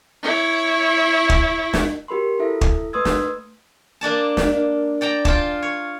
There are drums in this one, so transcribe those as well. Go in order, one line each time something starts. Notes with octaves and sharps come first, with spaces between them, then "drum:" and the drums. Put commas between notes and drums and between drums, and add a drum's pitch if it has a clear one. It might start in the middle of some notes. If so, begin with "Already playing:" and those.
E4 C#5
drum: kick
drum: snare
F#4 G4 A#4 B5 C6
E4 A4 E5
drum: kick
A3 B4 C6 D#6 E6 G#6
drum: snare
A#3 D4 D5 A5
drum: snare
D5 G5 A5 A#5
F4 G5 A5, drum: kick
C#5